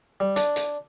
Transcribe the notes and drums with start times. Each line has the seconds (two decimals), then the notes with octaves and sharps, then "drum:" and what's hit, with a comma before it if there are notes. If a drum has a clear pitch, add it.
0.20 G3
0.36 D4, drum: hi-hat
0.56 drum: hi-hat